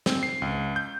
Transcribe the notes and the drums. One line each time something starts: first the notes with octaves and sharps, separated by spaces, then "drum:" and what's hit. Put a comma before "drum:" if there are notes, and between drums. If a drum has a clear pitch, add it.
C4, drum: snare
C7
C#2
G6